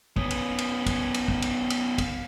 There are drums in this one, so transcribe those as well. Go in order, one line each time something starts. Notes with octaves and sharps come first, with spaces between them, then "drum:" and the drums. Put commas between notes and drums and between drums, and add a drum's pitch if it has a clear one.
B3 C#4, drum: kick
drum: cymbal
drum: cymbal
drum: kick, cymbal
drum: cymbal
drum: kick
drum: cymbal
drum: cymbal
drum: kick, cymbal